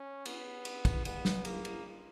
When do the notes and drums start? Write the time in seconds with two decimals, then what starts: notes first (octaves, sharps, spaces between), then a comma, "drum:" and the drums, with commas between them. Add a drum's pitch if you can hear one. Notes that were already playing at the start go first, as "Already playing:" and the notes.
Already playing: C#4
0.25 B3, drum: cymbal
0.65 drum: cymbal
0.85 drum: kick, cymbal
1.05 B3, drum: cymbal
1.25 drum: snare
1.45 A#3, drum: cymbal
1.65 drum: cymbal